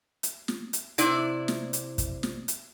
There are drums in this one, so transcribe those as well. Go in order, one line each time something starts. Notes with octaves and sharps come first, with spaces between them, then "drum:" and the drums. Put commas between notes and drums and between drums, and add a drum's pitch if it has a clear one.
drum: hi-hat
drum: snare
drum: hi-hat
C3 E4 D5, drum: hi-hat
drum: snare
drum: hi-hat
drum: kick, hi-hat
drum: snare
drum: hi-hat